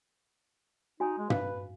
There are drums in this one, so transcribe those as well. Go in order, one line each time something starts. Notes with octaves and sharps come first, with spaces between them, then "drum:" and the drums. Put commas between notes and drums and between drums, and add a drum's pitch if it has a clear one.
D#4 F#4 G#5
G#3
B4 F5, drum: tom